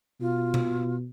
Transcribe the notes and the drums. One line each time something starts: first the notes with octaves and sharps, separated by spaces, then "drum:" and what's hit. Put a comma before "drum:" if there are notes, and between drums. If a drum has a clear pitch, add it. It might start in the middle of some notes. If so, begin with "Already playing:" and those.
B2 F4
drum: tom B2